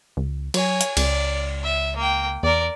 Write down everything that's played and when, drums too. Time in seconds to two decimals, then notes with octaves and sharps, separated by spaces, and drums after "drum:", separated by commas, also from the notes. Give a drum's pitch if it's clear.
0.17 C#2
0.54 F#3 C#5 G#5, drum: cymbal
0.81 drum: hi-hat
0.97 C#2 D5, drum: cymbal
1.63 E5
1.96 A#3 G5
2.43 E2 A#4 D5